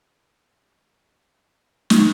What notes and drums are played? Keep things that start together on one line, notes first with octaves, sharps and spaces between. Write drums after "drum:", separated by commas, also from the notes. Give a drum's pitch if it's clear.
G2 D4
F#4
G2 E4
G2 G4
B2 F#4
D4
F#3 E4
drum: snare